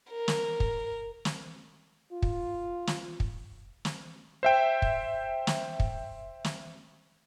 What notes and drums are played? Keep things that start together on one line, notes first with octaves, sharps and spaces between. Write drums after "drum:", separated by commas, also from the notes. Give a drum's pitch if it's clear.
A#4
drum: snare
drum: kick
drum: snare
F4
drum: kick
drum: snare
drum: kick
drum: snare
C5 E5 G5
drum: kick
drum: snare
drum: kick
drum: snare